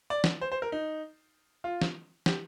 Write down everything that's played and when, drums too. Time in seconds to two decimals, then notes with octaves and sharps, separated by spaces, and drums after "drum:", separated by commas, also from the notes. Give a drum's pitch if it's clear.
0.10 D5
0.24 drum: snare
0.41 C5
0.52 C5
0.62 A#4
0.72 D#4
1.64 F4
1.82 drum: snare
2.26 G4, drum: snare